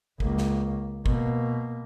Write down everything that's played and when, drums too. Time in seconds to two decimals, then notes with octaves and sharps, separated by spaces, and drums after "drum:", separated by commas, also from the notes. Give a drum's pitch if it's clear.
0.20 C#2 A#3, drum: kick
0.38 drum: snare
1.06 B2 A#3, drum: kick